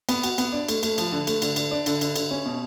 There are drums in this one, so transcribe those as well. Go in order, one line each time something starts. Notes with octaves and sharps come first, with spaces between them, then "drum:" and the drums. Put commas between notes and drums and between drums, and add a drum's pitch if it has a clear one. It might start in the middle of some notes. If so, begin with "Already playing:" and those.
B3, drum: cymbal
F#4, drum: cymbal
B3, drum: cymbal
D4
A3, drum: cymbal
A3, drum: cymbal
F3, drum: cymbal
D3
A3, drum: cymbal
D3, drum: cymbal
D3, drum: cymbal
D4
D3, drum: cymbal
D3, drum: cymbal
D3, drum: cymbal
C#4
B2